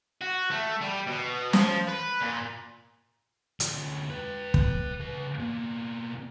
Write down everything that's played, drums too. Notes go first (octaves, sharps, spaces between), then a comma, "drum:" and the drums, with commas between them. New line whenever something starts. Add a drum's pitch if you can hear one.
F#4
A3
G3
B2
F3, drum: snare
B4
A#2
D2 F4, drum: hi-hat
B4 G5
drum: kick
C#3 B4
B2 A#3